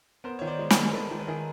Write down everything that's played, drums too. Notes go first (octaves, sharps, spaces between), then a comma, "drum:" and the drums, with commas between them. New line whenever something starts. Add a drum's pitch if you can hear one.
B3 A#4 C5
D#3 C#5
C5 D5
G#3
A#4 C5, drum: snare
D#3
A#4
D#3 A4 B4
D#3
B4
D#3 G#4 A#4